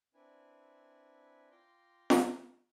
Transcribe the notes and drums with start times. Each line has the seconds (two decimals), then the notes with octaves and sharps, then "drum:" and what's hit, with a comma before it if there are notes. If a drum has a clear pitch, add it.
0.14 C4 D4 E4 B4 G#5
1.51 F4 G5 A#5 C6 D6
2.10 drum: snare